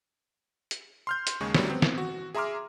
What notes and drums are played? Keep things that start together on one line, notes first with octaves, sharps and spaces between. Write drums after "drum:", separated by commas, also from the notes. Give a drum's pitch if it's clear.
drum: hi-hat
C6 F6 G6
drum: hi-hat
D#2 C#3 G#3 G#4 C#6
A2 D3 F#3 G3, drum: snare
B3 C4
drum: snare
F#4
G#4 E5 A#5 C6 D6 F6